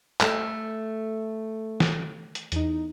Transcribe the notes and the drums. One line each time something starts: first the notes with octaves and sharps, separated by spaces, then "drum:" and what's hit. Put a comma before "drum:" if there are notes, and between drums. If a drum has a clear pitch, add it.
A3, drum: clap
drum: snare
drum: hi-hat
E2 D#4, drum: hi-hat